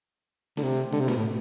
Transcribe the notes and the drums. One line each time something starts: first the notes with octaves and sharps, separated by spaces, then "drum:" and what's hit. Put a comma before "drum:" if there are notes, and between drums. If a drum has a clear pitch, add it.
D3, drum: snare
C3
D3, drum: tom
C3
B2, drum: snare
A2